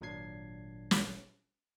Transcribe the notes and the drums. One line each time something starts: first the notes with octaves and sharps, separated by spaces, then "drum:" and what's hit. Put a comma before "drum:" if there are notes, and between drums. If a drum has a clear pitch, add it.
G#1 A#2 F#3 D4 G#6 C7
drum: snare